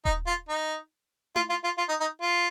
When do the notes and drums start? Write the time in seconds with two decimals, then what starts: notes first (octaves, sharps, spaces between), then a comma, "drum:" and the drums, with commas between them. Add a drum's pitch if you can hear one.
0.05 D#4, drum: kick D#1
0.27 F4
0.49 D#4
1.36 F4, drum: tom E4
1.50 F4
1.64 F4
1.78 F4
1.89 D#4
2.00 D#4
2.22 F4